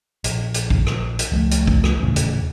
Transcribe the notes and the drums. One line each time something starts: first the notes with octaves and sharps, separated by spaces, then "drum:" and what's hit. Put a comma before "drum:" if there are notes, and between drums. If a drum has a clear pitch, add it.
A#1, drum: hi-hat
drum: hi-hat
drum: kick
drum: rim click
drum: hi-hat
C#2 F3 G3 A3
drum: hi-hat
drum: kick
drum: rim click
D#1 E2 A2 C#3
drum: hi-hat